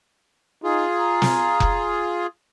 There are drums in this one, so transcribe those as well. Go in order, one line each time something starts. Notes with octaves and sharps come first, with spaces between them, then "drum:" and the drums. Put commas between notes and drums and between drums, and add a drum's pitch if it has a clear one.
D#4 F4 G#4
A#5
drum: snare
drum: kick F1